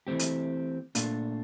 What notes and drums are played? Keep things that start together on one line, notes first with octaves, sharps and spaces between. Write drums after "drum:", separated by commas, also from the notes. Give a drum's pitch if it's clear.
E3 A3 C4 G4
drum: hi-hat
A#2 A3 D4 F4, drum: hi-hat